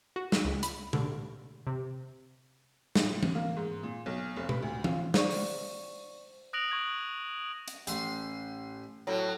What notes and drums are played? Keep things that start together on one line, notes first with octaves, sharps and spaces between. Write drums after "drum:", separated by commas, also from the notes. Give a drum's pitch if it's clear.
F#4
drum: snare
C#2
B5, drum: hi-hat
D3, drum: tom B2
C3
A2, drum: snare
drum: tom E3
A#3
G#2
A#2
B1
F1
B4, drum: tom B2
D2
F4, drum: tom E3
C5 D5 C#6, drum: snare
drum: open hi-hat
D#6 F#6 A#6 D7 F7 F#7
C#6 G#6 A#6
drum: hi-hat
A1 C6, drum: hi-hat
A2 F#3